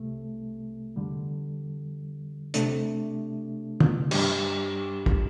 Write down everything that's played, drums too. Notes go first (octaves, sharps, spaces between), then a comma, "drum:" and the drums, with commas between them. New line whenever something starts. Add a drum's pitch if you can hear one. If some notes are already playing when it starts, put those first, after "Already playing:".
Already playing: C2 C3 A3
E2 D3 G3
C3 A3 D4, drum: hi-hat
drum: tom
G2 G3 D4 G4, drum: cymbal
drum: kick